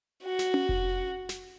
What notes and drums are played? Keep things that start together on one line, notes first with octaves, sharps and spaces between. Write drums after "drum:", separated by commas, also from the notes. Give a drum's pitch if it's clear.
F#4
drum: snare
drum: tom C#4
drum: kick F1
drum: snare